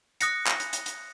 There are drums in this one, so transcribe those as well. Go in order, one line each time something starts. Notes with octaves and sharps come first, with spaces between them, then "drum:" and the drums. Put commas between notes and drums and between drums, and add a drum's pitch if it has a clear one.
D#6 F#6 A#6 C#7, drum: hi-hat
drum: clap
drum: hi-hat
drum: hi-hat
drum: hi-hat